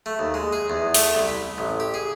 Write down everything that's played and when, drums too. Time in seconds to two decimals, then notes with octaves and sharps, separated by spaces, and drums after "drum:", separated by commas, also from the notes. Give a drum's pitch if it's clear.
0.06 A3
0.19 D#2
0.34 G#3
0.53 G#4
0.70 E2
0.94 A3, drum: open hi-hat
1.15 C2
1.28 B5
1.58 A1
1.80 G4
1.94 G#4